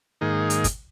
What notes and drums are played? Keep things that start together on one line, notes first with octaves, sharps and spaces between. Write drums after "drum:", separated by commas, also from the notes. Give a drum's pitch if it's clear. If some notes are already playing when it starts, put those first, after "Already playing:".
G#2 D#3 A#3 D#4 G#4
drum: hi-hat
drum: kick, hi-hat